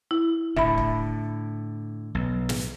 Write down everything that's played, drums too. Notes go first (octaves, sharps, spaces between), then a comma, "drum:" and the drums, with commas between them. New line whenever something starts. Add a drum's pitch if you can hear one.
E4
A2 D3 E5 B5, drum: kick
drum: kick
B1
drum: snare